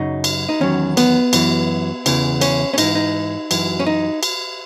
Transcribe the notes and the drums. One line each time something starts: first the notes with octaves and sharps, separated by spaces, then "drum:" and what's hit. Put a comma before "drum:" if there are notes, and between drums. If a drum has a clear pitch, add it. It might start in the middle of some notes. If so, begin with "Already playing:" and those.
Already playing: F#2 C#3 F#3 D#4
drum: cymbal
D#4
E2 D#3 F#3 C#4
B3, drum: cymbal
F#2 E3, drum: cymbal
E2 C#3 E3, drum: cymbal
C#4, drum: cymbal
C#4
G#2 E3 D#4, drum: cymbal
D#4
F#2 E3, drum: cymbal
C#4
D#4
drum: cymbal